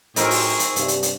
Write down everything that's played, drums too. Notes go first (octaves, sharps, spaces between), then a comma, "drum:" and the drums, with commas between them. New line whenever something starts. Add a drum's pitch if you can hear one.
A2 F#3 C4 D#4 G#4 A#4 C#6, drum: hi-hat
drum: open hi-hat
drum: hi-hat
G2 C3, drum: hi-hat
drum: hi-hat
drum: hi-hat